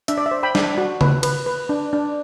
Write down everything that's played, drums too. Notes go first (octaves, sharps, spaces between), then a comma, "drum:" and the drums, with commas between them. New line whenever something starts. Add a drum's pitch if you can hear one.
D4 E5, drum: hi-hat
D5
E5
C5
G5 B5
D4, drum: snare
F#4
B4, drum: tom C#3
B4, drum: cymbal
B4
D4
D4